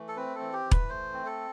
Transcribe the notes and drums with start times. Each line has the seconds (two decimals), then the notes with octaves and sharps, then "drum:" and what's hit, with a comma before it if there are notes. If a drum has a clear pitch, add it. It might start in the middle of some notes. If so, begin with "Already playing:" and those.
Already playing: E3 A3
0.08 A4
0.17 C4 B4
0.35 A4
0.41 E3
0.53 G4
0.65 E3
0.71 B4, drum: kick E1
0.89 A3 C5
1.14 C4
1.26 A4